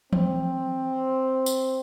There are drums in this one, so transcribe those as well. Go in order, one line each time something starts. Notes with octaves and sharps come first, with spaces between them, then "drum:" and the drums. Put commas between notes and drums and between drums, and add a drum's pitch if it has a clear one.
C4, drum: tom E3
drum: tambourine